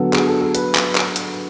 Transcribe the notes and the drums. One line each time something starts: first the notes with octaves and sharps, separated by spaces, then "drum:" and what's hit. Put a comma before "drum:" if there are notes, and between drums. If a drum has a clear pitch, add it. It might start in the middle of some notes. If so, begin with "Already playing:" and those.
Already playing: D3 F#3 B3 A4
G#4, drum: clap
A4
A4
B4, drum: hi-hat
drum: clap
drum: clap
drum: hi-hat